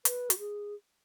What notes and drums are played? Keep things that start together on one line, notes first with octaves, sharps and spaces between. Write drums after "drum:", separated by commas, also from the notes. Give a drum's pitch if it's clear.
B4, drum: hi-hat
F#4, drum: hi-hat
G#4